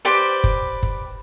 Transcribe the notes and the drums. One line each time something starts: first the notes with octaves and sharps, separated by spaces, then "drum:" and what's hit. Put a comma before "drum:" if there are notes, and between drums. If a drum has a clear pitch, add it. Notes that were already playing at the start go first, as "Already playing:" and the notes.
G4 B4 C5 D5
drum: kick F#1
drum: kick F#1